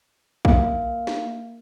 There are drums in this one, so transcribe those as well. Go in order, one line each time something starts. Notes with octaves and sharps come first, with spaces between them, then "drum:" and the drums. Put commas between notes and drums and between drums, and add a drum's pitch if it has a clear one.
A#3 F5, drum: kick A#1
drum: snare